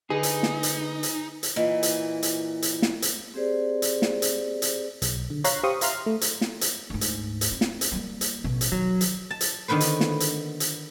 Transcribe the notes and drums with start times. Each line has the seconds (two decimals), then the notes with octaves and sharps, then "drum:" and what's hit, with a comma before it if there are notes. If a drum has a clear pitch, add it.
0.10 D3 D#4 G#4 B4
0.23 drum: hi-hat
0.43 drum: snare
0.63 drum: hi-hat
1.03 drum: hi-hat
1.43 drum: hi-hat
1.56 A#2 E3 D#5
1.83 drum: hi-hat
2.23 drum: hi-hat
2.62 drum: hi-hat
2.82 drum: snare
3.02 drum: hi-hat
3.34 C4 G4 G#4 C5 D5
3.82 drum: hi-hat
4.02 drum: snare
4.22 drum: hi-hat
4.62 drum: hi-hat
5.02 B1, drum: hi-hat
5.30 D3
5.44 C#5 F5 A#5 F#6 B6 C7, drum: hi-hat
5.63 G4 C5 F5 C6 C#6 D#6
5.81 E5 F5 A#5 C6 F6, drum: hi-hat
6.06 A3
6.21 drum: hi-hat
6.41 drum: snare
6.61 drum: hi-hat
6.90 D2 G#2
7.01 drum: hi-hat
7.41 drum: hi-hat
7.52 C4
7.61 drum: snare
7.81 drum: hi-hat
7.92 G3 A#3
8.21 drum: hi-hat
8.44 A1 B2
8.61 drum: hi-hat
8.72 D#3 F#3
9.01 drum: hi-hat
9.31 A5
9.41 drum: hi-hat
9.68 D3 D#3 B3 B4 C5
9.80 drum: hi-hat
10.00 drum: snare
10.20 drum: hi-hat
10.60 drum: hi-hat